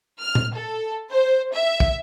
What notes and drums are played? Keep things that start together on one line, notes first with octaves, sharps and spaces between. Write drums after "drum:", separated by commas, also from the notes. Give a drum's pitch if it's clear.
F6
drum: tom A#2
A4
C5
E5
drum: kick